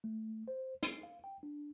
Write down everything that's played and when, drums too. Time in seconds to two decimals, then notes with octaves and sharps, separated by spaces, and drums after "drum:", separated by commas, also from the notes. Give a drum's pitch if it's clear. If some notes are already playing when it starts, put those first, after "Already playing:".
0.04 A3
0.48 C5
0.83 C7, drum: hi-hat
1.03 F5
1.24 G5
1.43 D4